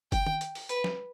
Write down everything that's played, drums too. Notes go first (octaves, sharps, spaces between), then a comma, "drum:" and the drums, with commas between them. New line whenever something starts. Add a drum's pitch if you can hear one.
G5, drum: kick F#1, hi-hat
drum: tom D#3
drum: hi-hat
drum: open hi-hat
B4, drum: hi-hat
drum: snare